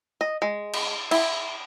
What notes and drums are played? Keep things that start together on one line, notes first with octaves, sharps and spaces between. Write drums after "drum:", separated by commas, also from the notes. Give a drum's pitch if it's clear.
D#5
G#3
drum: cymbal
E4, drum: cymbal